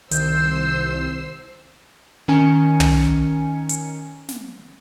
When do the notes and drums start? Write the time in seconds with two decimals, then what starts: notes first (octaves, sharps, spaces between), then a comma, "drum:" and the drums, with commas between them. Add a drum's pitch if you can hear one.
0.11 C2 D#3 C5 E6 G6 C7, drum: hi-hat
2.28 D#3 C#4 G#5 C#7
2.80 drum: tom
3.69 drum: hi-hat
4.29 drum: snare